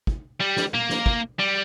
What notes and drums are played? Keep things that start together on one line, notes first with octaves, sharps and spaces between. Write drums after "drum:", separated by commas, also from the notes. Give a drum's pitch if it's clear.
drum: kick
G3
drum: snare
A#3, drum: tom A#2
drum: snare
drum: kick
G3